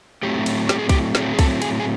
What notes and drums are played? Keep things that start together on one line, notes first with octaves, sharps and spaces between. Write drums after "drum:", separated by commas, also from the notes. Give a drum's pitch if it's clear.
A2 F#3 A3 C4 G4
drum: cymbal
G4, drum: snare
G#4
G4, drum: kick C2, cymbal
A2 F#3 A3 C4 G#4, drum: snare
G#4
A4, drum: kick C2, cymbal
G#4, drum: cymbal
G#4